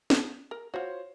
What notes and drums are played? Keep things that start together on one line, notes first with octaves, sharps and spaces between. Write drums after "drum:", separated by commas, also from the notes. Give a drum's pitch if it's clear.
drum: snare
A#4
F4 F#4 C5 C#5